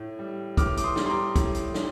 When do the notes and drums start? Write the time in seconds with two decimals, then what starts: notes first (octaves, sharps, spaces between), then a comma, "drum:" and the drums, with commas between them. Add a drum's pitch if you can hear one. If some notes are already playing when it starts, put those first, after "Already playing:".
Already playing: A2
0.19 G3
0.57 A2 D6 F6, drum: kick, hi-hat
0.77 D6, drum: hi-hat
0.84 C6 D#6
0.96 G3, drum: snare
1.06 C6
1.10 A#5 D6
1.36 A2, drum: kick, hi-hat
1.55 drum: hi-hat
1.74 G3, drum: snare